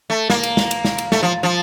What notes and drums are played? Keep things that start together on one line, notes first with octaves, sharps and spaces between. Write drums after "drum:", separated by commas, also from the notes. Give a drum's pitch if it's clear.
A3
A#3, drum: snare
drum: cymbal
drum: snare
drum: cymbal
drum: snare
drum: cymbal
A3, drum: snare
F3
F3